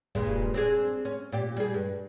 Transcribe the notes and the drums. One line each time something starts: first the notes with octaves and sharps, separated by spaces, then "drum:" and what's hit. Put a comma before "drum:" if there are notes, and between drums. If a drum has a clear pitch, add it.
G2 A#2 G#3, drum: kick
C4 D4 G#4
C#4
A#2 G4
G3 G#4
G2